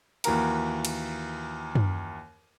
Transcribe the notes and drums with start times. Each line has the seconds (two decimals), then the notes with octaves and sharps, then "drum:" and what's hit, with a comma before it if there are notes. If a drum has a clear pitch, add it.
0.24 D#2 E3 F#4 A#4 A#5, drum: cymbal
0.85 drum: cymbal
1.75 drum: tom F#2